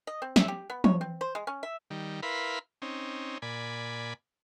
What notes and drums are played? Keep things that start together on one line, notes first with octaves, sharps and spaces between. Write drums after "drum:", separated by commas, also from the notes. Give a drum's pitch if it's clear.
D#5
C4
E5, drum: snare
G4
B3
C#5, drum: tom
C4
C5
G#3
C#4
E5
D#3 G3
E4 A#4 B4 F5 B5 C6
C4 C#4 D#4
A#2 D5 G#5 B5